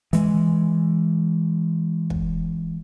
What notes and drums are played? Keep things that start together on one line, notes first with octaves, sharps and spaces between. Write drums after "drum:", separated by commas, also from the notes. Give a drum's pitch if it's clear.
E3 G#3, drum: hi-hat
drum: kick